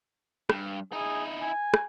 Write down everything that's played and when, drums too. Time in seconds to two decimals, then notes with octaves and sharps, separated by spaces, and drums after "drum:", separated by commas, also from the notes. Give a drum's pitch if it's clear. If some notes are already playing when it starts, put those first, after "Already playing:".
0.49 G2, drum: rim click
0.93 D#4 E4 G#4
1.42 G#5
1.74 drum: rim click